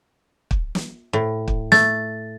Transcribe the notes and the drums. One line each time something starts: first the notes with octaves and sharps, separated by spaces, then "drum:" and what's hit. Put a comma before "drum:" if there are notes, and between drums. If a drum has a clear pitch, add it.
drum: kick
drum: snare
A2
drum: kick
A3 A6, drum: snare